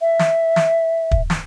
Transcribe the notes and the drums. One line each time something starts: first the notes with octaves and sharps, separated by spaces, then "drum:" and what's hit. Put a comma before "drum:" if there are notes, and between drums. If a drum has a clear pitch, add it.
E5
drum: snare
drum: snare
drum: kick
drum: snare